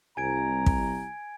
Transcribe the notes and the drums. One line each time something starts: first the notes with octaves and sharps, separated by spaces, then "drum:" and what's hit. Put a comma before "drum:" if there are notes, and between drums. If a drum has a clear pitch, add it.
C2 G#5 A#5 G#6 D7
drum: kick